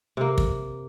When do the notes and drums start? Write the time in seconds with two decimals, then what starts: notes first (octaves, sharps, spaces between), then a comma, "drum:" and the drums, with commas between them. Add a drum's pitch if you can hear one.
0.17 C3 A#3
0.38 drum: kick